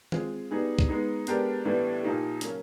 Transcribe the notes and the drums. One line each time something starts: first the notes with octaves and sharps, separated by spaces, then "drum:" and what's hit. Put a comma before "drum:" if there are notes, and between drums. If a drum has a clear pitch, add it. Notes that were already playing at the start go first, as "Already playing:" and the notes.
G#3 C4 F4 G#4, drum: tom D#3
G3 B3 D#4 G#4
drum: kick
G#3 B3 D#4
G#3 B3 D4 G4 A#4, drum: hi-hat
A2 E3 G3 B3 D4
A#2 F3 A#3 D#4 G4
C#3 F#3 A#3 C#4, drum: hi-hat